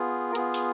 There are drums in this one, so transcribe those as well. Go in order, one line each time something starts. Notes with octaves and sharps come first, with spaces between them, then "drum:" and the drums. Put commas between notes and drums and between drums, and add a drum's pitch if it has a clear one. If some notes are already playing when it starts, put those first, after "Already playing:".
Already playing: B3 F4 G#4
A#4
B3 F4 G#4, drum: hi-hat
drum: open hi-hat